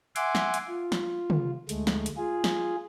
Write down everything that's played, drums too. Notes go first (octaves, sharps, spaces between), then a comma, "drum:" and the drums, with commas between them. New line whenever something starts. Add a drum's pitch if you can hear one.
E5 F#5 G#5 C6 D6, drum: hi-hat
drum: snare
drum: hi-hat
F4
drum: snare
drum: tom
D2 G#3 A3, drum: hi-hat
drum: snare
drum: hi-hat
F4 G#4
drum: snare